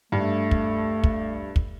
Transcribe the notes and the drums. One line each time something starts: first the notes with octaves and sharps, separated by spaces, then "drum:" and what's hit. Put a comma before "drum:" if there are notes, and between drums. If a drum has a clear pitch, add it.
G2 A3
drum: kick
drum: kick
drum: kick